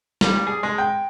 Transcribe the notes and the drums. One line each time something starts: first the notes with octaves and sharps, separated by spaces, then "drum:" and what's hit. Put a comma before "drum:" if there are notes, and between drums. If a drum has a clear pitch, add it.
G3, drum: snare
G#4
G#3
G5